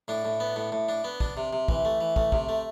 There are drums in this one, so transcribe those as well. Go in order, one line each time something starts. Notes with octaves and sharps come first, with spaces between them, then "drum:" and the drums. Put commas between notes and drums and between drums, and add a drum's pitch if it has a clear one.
A2 D4
A2
B3
A2
A2
D4
B3
D4, drum: kick
C3
C3
E3, drum: kick
A3
E3
A3, drum: kick
C3, drum: kick
A3